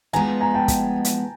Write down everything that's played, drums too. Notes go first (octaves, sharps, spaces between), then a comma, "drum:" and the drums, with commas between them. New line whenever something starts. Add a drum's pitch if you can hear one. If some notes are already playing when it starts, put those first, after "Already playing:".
F3 G#3 B3 D#4 G#5 A#5
G#5 A#5
G5 A5
drum: kick, hi-hat
drum: hi-hat